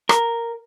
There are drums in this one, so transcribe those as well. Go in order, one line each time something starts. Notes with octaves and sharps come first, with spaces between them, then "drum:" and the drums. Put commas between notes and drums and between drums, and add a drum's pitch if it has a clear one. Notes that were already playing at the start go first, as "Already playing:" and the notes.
A#4, drum: rim click